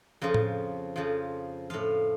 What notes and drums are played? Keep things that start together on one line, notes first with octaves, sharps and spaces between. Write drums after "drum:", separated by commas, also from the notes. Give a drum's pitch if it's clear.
F2 C#3 F3
drum: tom A2
F2 C#3 F3
A2 F3 F5